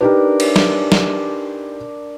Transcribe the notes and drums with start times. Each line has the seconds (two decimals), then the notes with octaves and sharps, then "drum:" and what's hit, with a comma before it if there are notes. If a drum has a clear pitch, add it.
0.01 D4 D#4 G4 A#4 B4
0.40 drum: cymbal
0.56 drum: snare
0.92 drum: snare